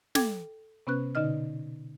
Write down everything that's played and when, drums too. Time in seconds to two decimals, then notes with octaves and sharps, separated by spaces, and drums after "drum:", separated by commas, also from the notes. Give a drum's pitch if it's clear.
0.15 A4 G5 D6 G#6, drum: snare
0.87 C3 B3 C#4 B4 F#6
1.15 B2 D3 D#4 D#5 F6